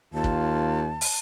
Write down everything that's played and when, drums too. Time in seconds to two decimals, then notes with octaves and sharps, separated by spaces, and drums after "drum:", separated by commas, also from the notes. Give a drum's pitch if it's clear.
0.14 D#2 F4 A5
0.24 drum: kick
1.01 drum: open hi-hat